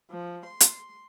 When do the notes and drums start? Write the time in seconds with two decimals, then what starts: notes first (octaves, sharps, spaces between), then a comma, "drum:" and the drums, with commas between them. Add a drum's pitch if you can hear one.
0.11 F3
0.46 C6
0.60 drum: hi-hat